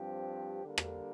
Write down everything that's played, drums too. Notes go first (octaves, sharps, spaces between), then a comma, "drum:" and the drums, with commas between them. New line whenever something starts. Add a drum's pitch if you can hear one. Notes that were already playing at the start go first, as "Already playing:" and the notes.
Already playing: G2 F3 C4 G4
D3 G3 A#3
drum: rim click